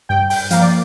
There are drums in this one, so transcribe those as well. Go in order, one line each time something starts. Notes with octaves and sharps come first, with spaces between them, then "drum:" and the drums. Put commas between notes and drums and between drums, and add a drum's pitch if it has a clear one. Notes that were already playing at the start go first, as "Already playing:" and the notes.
G2 G5
G5, drum: open hi-hat
F3 A#3 F5, drum: hi-hat
D5